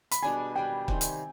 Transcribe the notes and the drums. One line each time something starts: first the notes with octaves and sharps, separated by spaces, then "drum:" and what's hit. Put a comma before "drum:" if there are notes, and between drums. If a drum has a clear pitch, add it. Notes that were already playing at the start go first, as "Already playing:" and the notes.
B5, drum: hi-hat
B2 G3 D4 G#4 G#5
G3 D4 G4 B4 G5
C3 D#3 G3 C4, drum: kick
drum: hi-hat